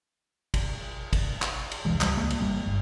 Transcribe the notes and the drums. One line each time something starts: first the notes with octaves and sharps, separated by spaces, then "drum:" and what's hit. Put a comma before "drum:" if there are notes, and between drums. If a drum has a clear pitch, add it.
drum: kick, cymbal
drum: kick, cymbal
drum: clap
drum: cymbal
F1 C2 E3 G#3
C#2 G3, drum: clap
D1 C#2 G#3 A#3
drum: cymbal
G#1 G3 A#3
G1